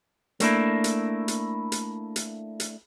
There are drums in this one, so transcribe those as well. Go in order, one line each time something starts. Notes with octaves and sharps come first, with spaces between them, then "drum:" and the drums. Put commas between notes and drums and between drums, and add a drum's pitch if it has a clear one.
A3 A#3 D4 E4, drum: hi-hat
drum: hi-hat
drum: hi-hat
drum: hi-hat
drum: hi-hat
drum: hi-hat